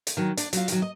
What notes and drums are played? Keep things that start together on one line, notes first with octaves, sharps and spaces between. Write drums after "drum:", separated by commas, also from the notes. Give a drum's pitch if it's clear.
drum: hi-hat
D#3 F#3
D4, drum: hi-hat
F#3 F4, drum: hi-hat
D#3 F#3, drum: hi-hat
D#5